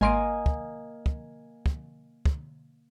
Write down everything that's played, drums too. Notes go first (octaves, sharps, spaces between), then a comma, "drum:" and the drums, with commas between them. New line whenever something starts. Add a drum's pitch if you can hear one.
G#1 A#3 D#5 G#5 C6 D7
drum: kick
drum: kick
drum: kick
drum: kick